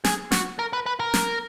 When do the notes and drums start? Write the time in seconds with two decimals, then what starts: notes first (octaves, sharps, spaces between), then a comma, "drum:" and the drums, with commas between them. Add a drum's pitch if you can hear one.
0.04 G#4, drum: snare
0.32 F#4, drum: snare
0.59 A#4
0.73 B4
0.86 B4
1.00 A#4
1.14 drum: snare